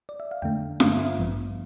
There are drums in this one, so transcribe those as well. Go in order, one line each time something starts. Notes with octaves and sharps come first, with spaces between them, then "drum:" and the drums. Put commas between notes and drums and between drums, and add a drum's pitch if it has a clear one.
D5
E5
F5
F2 D3 A3 D4 G5
G2 D3 A3 D4 F4 F5, drum: snare F4
E5
F5
A1 G2 F3 B3